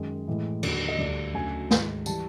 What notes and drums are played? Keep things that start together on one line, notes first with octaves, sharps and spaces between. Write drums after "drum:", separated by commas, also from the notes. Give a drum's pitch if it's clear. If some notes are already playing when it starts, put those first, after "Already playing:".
Already playing: F#2 D#3 G#3
A2 E3 G#3
D#2 D3 F#3, drum: cymbal
D#5
D2 D3 G3 D5
D2 C#3 F#3 G#5
G#2 D#3 G#3, drum: snare
E3 G3 A5, drum: tambourine